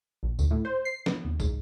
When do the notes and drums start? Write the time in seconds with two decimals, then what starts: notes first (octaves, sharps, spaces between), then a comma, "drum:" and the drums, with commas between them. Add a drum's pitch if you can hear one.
0.23 A#1
0.39 D2, drum: tambourine
0.51 A2
0.65 C5
0.85 C7
1.06 B3, drum: snare
1.25 D#2
1.40 G#2, drum: kick, tambourine